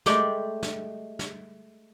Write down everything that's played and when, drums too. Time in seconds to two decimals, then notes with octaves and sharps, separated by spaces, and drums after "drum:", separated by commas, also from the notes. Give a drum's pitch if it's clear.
0.06 G#3 A3 G4 D5, drum: snare
0.63 drum: snare
1.19 drum: snare